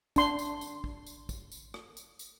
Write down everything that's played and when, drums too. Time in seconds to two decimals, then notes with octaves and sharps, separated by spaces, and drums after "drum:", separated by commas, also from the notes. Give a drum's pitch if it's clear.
0.16 D4 C6, drum: kick, tambourine
0.39 drum: tambourine
0.61 drum: tambourine
0.84 drum: kick
1.06 drum: tambourine
1.29 drum: kick, tambourine
1.52 drum: tambourine
1.74 drum: rim click
1.97 drum: tambourine
2.19 drum: tambourine